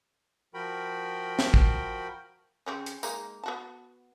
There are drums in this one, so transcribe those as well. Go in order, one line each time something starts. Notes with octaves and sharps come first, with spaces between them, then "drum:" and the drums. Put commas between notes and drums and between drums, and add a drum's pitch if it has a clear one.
F3 F#4 A#4 G5 B5
drum: snare
drum: kick
C#3 C4 C#4
drum: hi-hat
G#3 A#3 D#4, drum: tambourine
B3 F#4 A5